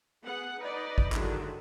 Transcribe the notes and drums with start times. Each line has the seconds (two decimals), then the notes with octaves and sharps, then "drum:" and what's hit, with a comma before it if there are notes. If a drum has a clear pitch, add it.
0.24 B3 G#4 F#5
0.60 D#4 B4 D5 D#5
0.98 drum: kick
1.12 D3 D#3 F#3 G#3 D4 E4, drum: clap